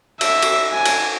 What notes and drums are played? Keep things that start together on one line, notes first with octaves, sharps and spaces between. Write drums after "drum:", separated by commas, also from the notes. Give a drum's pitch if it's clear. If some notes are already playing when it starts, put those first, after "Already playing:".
E5, drum: cymbal
drum: cymbal
G#5
drum: cymbal